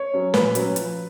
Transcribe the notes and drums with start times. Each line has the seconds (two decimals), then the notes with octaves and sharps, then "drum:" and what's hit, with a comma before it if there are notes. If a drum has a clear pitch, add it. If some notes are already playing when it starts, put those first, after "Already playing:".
Already playing: C#5
0.14 F#3 C#4
0.34 A#2 B4, drum: snare
0.55 F#3 C#4, drum: hi-hat
0.76 F3, drum: hi-hat